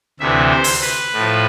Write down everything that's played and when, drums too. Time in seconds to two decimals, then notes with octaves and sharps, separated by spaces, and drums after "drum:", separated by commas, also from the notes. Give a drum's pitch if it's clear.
0.20 D2 C3 E3 E5
0.51 C5
0.64 drum: open hi-hat
0.82 B4
1.13 A2
1.18 F3